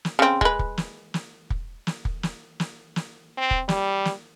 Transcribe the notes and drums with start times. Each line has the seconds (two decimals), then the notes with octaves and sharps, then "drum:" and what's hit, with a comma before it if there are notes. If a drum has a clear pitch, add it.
0.05 drum: snare
0.19 C#3 C4
0.41 G#3 B4, drum: kick
0.59 drum: kick
0.78 drum: snare
1.14 drum: snare
1.50 drum: kick
1.87 drum: snare
2.05 drum: kick
2.23 drum: snare
2.60 drum: snare
2.96 drum: snare
3.38 C4
3.51 drum: kick
3.69 G3, drum: snare
4.05 drum: snare